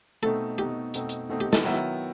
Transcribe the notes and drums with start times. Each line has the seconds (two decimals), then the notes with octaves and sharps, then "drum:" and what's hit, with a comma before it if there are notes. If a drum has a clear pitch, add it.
0.23 B2 A3 C4 D#4 A4
0.58 B2 A3 C4 D#4 G4
0.94 B2 A3 C4 D#4, drum: hi-hat
1.09 drum: hi-hat
1.29 B2 A3 C4 D#4
1.40 G4
1.53 A4, drum: snare
1.65 D#3 F#3 B3 E4